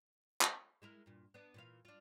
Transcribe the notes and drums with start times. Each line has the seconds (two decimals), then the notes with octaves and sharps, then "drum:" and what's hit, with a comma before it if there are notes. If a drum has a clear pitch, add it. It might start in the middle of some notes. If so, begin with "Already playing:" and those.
0.41 drum: clap
0.82 G#3 E4 A#4
1.06 G2 A#2
1.34 B3 D4
1.54 A#2 E3 F5
1.85 D4 F4